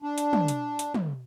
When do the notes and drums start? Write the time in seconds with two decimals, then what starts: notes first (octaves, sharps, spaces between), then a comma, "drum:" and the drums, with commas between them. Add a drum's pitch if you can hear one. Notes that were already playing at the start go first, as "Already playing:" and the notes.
0.02 D4
0.18 drum: hi-hat
0.33 drum: tom
0.48 drum: hi-hat
0.79 drum: hi-hat
0.94 drum: tom